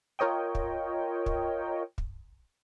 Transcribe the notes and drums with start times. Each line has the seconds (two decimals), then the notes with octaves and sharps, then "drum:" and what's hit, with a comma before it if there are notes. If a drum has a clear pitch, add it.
0.19 F4 A#4 C#5 D#5 G5
0.55 drum: kick
1.26 drum: kick
1.98 drum: kick